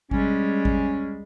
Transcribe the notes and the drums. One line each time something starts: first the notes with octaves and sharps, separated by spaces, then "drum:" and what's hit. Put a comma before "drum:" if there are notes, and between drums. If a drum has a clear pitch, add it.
G3 G#3 C#4, drum: kick G#1
drum: kick G#1